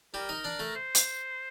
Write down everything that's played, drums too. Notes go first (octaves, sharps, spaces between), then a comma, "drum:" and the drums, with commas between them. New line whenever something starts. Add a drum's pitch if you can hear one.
G3 G4 A#4
D#4 D#5
D4 D5
A3 A4
C5
drum: hi-hat